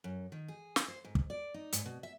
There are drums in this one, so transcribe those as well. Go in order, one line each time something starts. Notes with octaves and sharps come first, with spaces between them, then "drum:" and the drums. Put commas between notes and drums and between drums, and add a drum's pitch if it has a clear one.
F#2
D#3
G#4
drum: snare
C5
G#2
drum: kick
D5
D#4
G#2, drum: hi-hat
B2
E5